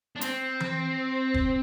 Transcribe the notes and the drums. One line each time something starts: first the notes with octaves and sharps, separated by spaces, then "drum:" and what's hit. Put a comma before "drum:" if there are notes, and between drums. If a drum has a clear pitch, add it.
D4
C4, drum: hi-hat
drum: tom E3
drum: kick